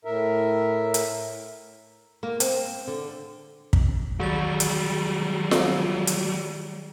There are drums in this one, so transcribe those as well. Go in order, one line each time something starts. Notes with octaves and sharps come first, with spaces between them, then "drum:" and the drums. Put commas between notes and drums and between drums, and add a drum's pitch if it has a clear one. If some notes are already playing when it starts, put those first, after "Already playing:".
A2 A#4 E5
drum: hi-hat
A#3
C4, drum: hi-hat
D3
drum: kick
D#3 F#3 G3 G#4 A6
drum: hi-hat
drum: snare F4
drum: hi-hat